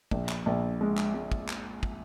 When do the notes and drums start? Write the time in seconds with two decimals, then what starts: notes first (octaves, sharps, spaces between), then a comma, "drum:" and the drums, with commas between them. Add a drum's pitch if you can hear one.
0.11 A#1, drum: kick
0.29 drum: clap
0.46 A#1
0.81 G#3
0.97 drum: clap
1.14 G#3
1.32 drum: kick
1.49 drum: clap
1.83 drum: kick